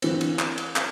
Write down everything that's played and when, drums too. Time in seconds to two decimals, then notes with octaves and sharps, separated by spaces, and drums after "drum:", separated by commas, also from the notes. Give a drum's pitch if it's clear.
0.02 D3 E3 C4, drum: cymbal
0.21 drum: cymbal
0.39 drum: clap
0.58 drum: cymbal
0.76 drum: clap